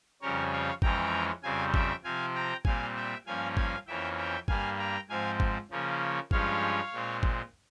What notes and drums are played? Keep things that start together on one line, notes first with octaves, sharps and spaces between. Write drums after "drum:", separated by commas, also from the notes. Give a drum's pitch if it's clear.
F2 C#3 G3 C#4 A#4 C#5
C#5 F5
F2 E3 G#3 C#4 G5 A#5, drum: kick
F2 C#3 G3 C4 F5 G#5
E5 G5, drum: kick
C3 F3 C4 F5 G#5
G5 A#5
A#2 G3 C4 F5 G#5, drum: kick
E5 G5
G2 F3 A#3 C#4 F5 G#5
F5 G#5, drum: kick
F2 E3 A#3 C#4 E5 G5
E5 G5
G2 G3 A#3 F5 G#5, drum: kick
G5 A#5
G#2 F3 C4 F5 G#5
drum: kick
C#3 F3 A#3 C#4
G2 F3 G#3 C#4 C#5 F5, drum: kick
A#2 G#3 C4
drum: kick